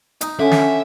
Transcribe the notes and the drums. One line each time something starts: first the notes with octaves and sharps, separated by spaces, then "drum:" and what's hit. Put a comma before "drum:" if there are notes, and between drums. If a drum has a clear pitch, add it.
D#4, drum: hi-hat
D3 C#4 E5
drum: snare